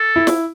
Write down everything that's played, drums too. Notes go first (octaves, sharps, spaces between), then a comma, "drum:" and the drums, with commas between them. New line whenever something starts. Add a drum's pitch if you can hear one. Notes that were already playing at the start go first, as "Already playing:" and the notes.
Already playing: A4
E4
drum: snare